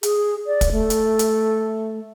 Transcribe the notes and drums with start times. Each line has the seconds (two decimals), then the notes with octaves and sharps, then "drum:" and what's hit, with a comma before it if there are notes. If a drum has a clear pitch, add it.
0.03 G#4, drum: hi-hat
0.47 D5
0.61 drum: kick, hi-hat
0.72 A3
0.90 drum: hi-hat
1.19 drum: hi-hat